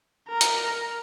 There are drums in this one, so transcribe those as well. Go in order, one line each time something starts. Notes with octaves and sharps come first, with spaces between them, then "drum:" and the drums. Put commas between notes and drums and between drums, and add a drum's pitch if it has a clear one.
A#4
drum: hi-hat